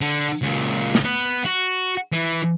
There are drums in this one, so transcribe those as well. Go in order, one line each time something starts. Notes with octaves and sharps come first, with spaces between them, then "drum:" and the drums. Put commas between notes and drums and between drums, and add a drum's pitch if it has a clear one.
D3, drum: open hi-hat
C#2 A#2
drum: snare
B3
F#4
E3